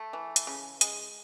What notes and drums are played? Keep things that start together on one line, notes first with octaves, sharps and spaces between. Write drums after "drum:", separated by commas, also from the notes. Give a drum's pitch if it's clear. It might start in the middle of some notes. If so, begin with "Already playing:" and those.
Already playing: A3
E3
drum: hi-hat
C#3
G#3, drum: hi-hat